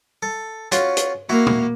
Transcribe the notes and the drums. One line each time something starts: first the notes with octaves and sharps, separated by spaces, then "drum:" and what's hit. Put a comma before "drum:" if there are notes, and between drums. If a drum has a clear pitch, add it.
A4
C#4 F4 F#4, drum: hi-hat
drum: hi-hat
A#3 E4 F#4
drum: tom